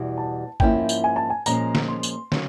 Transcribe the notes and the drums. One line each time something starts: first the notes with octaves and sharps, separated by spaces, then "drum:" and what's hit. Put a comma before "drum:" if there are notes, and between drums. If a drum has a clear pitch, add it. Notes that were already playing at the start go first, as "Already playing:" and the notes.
Already playing: E2 B2 G3
A5
G#2 F3 A#3 C#4 E4 G5, drum: kick
drum: tambourine
G#5
A5
G#5
A#2 F3 G#3 C#4 A#5, drum: tambourine
drum: snare
C6
drum: tambourine
C#3 F#3, drum: snare